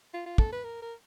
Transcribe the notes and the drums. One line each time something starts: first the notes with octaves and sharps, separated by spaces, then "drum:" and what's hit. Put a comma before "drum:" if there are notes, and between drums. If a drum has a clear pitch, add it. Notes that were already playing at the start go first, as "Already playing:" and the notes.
F4
F4
A4, drum: kick
B4
A#4
A#4